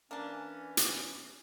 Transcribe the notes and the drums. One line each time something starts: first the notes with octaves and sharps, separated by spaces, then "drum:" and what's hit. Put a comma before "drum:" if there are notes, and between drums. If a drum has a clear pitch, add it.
E3 A#3 C#4 D4
drum: hi-hat